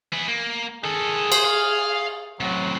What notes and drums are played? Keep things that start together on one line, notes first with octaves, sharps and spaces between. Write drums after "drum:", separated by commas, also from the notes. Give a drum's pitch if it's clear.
B3 G#4
A#3
D#3 G#4 A4
C5, drum: cymbal
F5
A2 C3 F#3